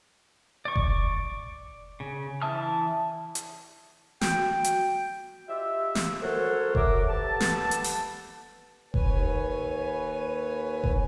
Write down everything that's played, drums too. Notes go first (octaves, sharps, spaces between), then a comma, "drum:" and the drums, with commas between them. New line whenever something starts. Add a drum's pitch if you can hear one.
D5 C#6
drum: kick F1
C#3
E3 E5 A5 D#6 F6
drum: hi-hat
F#4 G5, drum: snare
drum: hi-hat
F4 G4 D#5 E5
drum: snare
F#4 A4 A#4 C5 C#5 F#5
F#3 A#4 E5 D6, drum: kick F1
B3 G4 A4 A5
drum: snare
drum: hi-hat
drum: open hi-hat
D#2 B4 C#5 G#5, drum: kick F1
drum: kick F1